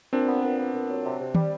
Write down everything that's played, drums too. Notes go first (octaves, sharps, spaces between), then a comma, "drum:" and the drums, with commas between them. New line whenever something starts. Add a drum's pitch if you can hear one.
A#2 C4 D4
B3
A#2
B3
A#2
F#3
C3
C3
G3, drum: tom